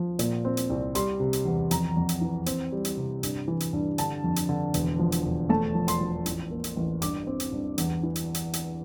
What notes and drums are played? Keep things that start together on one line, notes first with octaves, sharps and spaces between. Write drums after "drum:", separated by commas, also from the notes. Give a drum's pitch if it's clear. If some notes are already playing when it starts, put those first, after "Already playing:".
Already playing: F3
A#2, drum: hi-hat
C4
drum: hi-hat
C2
G3 C6, drum: hi-hat
C3
drum: hi-hat
E2
F2 A#5, drum: hi-hat
F2
drum: hi-hat
E3
C4, drum: hi-hat
G3
drum: hi-hat
C3
G2, drum: hi-hat
E3
drum: hi-hat
G2
D3 A5, drum: hi-hat
F2
drum: hi-hat
D3
E1, drum: hi-hat
F3
drum: hi-hat
E1
A3 A5
F3
C6, drum: hi-hat
F3
A1, drum: hi-hat
A#3
drum: hi-hat
A1
G2 D6, drum: hi-hat
C4
drum: hi-hat
G2
E2, drum: hi-hat
E3
drum: hi-hat
drum: hi-hat
drum: hi-hat